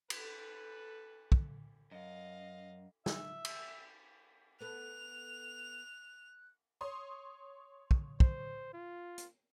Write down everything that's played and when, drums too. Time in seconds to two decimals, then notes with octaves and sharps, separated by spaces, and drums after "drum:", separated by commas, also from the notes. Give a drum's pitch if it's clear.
0.10 A4 B4, drum: cymbal
1.32 drum: kick
1.91 F#2 D#5 F5
3.06 E5, drum: snare
3.45 drum: cymbal
4.61 B3 A4 B4 F#6 F7
6.81 C#5 C6 D#6
7.91 drum: kick
8.20 C5, drum: kick
8.73 F4
9.18 drum: hi-hat